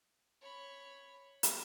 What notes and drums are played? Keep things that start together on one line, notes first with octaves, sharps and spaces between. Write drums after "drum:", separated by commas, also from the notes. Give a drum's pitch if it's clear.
C#5 B5
drum: hi-hat